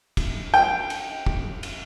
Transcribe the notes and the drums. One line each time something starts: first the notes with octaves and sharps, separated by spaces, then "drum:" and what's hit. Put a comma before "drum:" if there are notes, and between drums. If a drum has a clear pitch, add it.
drum: kick, cymbal
G5
drum: cymbal
drum: kick
drum: cymbal